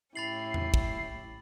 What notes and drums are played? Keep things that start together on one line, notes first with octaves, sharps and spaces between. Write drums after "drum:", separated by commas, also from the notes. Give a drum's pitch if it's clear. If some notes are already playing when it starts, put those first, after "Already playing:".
A2 C#4 E4 G4 B5 A6 C7 F#7
drum: tom E2
drum: kick